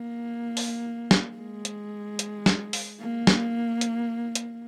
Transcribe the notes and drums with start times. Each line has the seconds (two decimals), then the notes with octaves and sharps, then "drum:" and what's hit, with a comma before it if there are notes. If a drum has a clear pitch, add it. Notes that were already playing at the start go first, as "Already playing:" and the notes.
Already playing: A#3
0.57 drum: open hi-hat
1.11 drum: snare
1.37 G#3
1.65 drum: hi-hat
2.19 drum: hi-hat
2.46 drum: snare
2.73 drum: open hi-hat
3.00 A#3
3.27 drum: snare
3.81 drum: hi-hat
4.35 drum: hi-hat